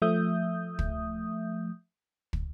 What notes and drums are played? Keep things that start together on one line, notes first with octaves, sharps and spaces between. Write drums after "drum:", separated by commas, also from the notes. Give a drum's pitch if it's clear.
F3 A3 E5 D#6 G6
drum: kick
drum: kick